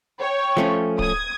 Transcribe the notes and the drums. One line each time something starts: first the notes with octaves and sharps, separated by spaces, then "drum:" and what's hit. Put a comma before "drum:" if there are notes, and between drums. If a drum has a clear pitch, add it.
C#5 G5
F3 A3 C#4
D#6 G#6, drum: kick D1